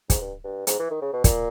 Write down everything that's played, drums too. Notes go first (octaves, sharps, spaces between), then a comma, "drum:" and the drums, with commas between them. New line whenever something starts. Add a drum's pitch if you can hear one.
G#2, drum: kick, hi-hat
G2
G2
G#2, drum: hi-hat
E3
D#3
C#3
B2
A#2, drum: kick, hi-hat